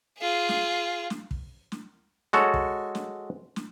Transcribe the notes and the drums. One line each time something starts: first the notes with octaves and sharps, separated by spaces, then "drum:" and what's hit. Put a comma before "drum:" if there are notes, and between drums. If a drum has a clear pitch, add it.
F4 G#4
drum: snare
drum: snare
drum: kick
drum: snare
G#3 F#4 A4 C#5, drum: snare
drum: kick
drum: snare
drum: snare